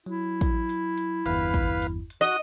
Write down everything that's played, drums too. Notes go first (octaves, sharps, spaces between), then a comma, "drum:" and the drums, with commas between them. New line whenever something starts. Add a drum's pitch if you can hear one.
F#3 E4
drum: kick, hi-hat
drum: hi-hat
drum: hi-hat
G1 E2 G2 B4 F5, drum: hi-hat
drum: kick, hi-hat
drum: hi-hat
drum: hi-hat
F#4 D#5